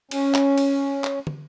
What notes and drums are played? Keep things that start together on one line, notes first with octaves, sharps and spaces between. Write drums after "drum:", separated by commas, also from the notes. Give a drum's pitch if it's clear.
C#4, drum: cymbal
drum: clap
drum: cymbal
drum: clap
drum: tom